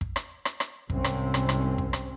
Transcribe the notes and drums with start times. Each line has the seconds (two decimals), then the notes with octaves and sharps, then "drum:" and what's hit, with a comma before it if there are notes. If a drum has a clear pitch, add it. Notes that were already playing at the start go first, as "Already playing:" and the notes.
0.01 drum: kick
0.16 drum: rim click
0.45 drum: rim click
0.60 drum: rim click
0.90 C2 G#2 C3 C4 C#4, drum: kick
1.04 drum: rim click
1.34 drum: rim click
1.49 drum: rim click
1.78 drum: kick
1.93 drum: rim click